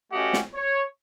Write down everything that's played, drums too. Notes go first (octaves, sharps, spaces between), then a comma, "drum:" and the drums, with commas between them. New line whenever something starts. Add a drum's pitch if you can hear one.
A3 C#4 F#4 G4 D#5 F#5
drum: snare
C#5